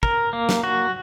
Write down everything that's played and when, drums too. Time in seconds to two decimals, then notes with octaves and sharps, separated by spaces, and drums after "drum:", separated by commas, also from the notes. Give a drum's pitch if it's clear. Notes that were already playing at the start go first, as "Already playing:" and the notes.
0.03 A#4, drum: kick
0.33 A#3
0.49 drum: snare
0.64 F#4